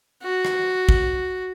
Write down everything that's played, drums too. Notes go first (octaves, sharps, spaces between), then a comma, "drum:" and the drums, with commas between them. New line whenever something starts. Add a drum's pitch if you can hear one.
F#4
drum: rim click
drum: kick